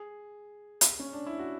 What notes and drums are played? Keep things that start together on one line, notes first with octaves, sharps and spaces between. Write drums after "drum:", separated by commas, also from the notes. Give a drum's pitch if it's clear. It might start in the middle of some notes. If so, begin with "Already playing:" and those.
Already playing: G#4
drum: hi-hat
C#4
D4
E4
F#4